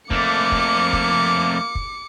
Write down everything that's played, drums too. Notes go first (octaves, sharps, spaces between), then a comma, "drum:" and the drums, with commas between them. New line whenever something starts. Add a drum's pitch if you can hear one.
F2 A3 A#3 D6 C#7, drum: kick
drum: kick
drum: kick
drum: kick